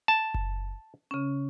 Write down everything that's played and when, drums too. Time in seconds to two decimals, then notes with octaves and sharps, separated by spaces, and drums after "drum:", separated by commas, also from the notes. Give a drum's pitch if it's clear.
0.08 A5
0.34 drum: kick F#1
1.11 C#3 C#4